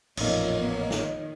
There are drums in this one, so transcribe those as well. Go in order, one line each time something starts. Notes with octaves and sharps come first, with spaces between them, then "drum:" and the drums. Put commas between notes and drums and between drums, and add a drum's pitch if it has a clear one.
A1 F2 A#2 A#3 D#4 C#5 D#5, drum: cymbal
B3
D#3, drum: snare